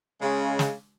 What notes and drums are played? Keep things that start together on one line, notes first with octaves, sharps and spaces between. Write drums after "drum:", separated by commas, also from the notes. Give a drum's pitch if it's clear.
C#3 G#3
drum: snare